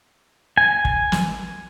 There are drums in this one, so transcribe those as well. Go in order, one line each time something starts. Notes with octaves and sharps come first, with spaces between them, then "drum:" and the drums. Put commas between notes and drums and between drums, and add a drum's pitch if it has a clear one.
G#5
drum: kick
drum: snare